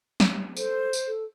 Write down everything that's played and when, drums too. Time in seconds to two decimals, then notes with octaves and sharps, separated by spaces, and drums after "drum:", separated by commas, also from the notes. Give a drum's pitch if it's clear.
0.20 drum: snare
0.57 A4 C5, drum: tambourine
0.93 drum: tambourine
1.08 A4